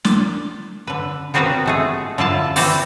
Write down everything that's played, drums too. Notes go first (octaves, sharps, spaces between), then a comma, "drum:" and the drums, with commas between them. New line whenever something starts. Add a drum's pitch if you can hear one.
D5, drum: snare
D3 B4
B3 C4 D4 F#4 A#4 B4
G#3 A3 G#4
D3 E4 F4 A5
E3 E4 F#4 G4 C5 D5, drum: open hi-hat